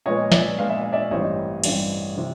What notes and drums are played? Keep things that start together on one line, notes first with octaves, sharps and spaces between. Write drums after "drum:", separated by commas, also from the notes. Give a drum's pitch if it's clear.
A#2 F3 G#3 B3 C#5 D#5
D5 E5, drum: snare
A#2 F3 G#3 B3 F5
E5
D#5
D5 E5
A1 G2 E3 G3 C4 C#5 D#5
A1 G2 E3 G3 C4 D5, drum: cymbal
C3 E3